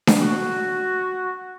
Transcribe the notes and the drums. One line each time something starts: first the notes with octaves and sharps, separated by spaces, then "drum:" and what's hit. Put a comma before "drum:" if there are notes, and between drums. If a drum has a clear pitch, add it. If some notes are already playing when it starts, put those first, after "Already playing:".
drum: snare D4
F#4